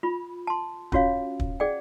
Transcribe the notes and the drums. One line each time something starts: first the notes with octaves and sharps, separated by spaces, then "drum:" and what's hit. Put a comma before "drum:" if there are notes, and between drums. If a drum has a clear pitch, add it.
F4 B5
A5 C6
C#4 F4 F#4 C#5 F5, drum: kick
drum: kick
G#4 D5 F#5 G5